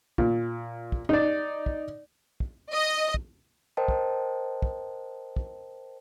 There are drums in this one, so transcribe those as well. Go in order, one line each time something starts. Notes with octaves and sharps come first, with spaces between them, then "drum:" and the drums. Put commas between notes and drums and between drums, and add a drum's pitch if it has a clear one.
A#2, drum: kick
drum: kick
D#4 D5
drum: kick
drum: kick
D#5
drum: kick
A#4 C5 D#5 G5 A5
drum: kick
drum: kick
drum: kick